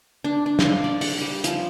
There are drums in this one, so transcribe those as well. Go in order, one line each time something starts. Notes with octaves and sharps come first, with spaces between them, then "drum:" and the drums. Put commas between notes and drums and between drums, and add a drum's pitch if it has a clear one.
D4
D4
F5, drum: snare
D5
F#5, drum: open hi-hat
G3
F3, drum: hi-hat